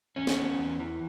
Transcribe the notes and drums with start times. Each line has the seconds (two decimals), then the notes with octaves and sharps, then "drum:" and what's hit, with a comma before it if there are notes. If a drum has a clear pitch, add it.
0.16 E2 C#4
0.27 drum: snare
0.38 B3
0.59 E2
0.80 E3